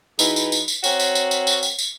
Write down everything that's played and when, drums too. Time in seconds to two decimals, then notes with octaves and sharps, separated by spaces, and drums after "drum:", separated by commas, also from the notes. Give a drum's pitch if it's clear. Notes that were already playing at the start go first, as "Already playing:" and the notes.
0.19 E3 D#4 E4 F#4 G#4 B4, drum: tambourine
0.36 drum: tambourine
0.52 drum: tambourine
0.68 drum: tambourine
0.84 C4 F#4 A#4 C#5, drum: tambourine
0.99 drum: tambourine
1.15 drum: tambourine
1.31 drum: tambourine
1.47 drum: tambourine
1.63 drum: tambourine
1.79 drum: tambourine